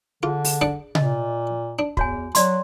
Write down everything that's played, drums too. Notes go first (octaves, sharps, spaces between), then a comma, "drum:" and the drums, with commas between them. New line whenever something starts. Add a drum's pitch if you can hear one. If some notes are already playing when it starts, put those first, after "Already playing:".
D3 F4 G#4
drum: open hi-hat
D4 D5 F#5
A#2 D#5, drum: tom C3
D4
E2 F#4 C#5 G#5, drum: kick
F#3 D5 C6, drum: hi-hat